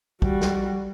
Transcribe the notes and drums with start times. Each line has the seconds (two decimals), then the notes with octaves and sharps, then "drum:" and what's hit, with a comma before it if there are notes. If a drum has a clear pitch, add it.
0.22 G3 F#4, drum: kick
0.41 drum: snare